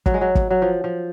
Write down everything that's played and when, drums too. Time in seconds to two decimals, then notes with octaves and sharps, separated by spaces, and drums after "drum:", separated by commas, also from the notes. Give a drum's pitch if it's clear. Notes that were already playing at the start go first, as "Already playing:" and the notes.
0.06 F#3, drum: kick
0.14 G#3
0.21 F#3
0.35 drum: kick
0.51 F#3
0.62 F3
0.84 F3